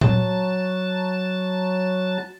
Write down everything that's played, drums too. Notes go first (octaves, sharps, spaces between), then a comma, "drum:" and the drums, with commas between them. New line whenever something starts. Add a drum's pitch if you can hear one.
F#3 A5, drum: tom A#2